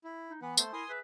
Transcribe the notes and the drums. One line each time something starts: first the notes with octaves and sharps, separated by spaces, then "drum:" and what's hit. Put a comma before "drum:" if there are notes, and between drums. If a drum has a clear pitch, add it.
E4
D#4
E3 B3 B4 F#5
A3 A4 C5 C6, drum: tambourine
E4 A#4 G#5 C6 D#6
G#4 B4 E5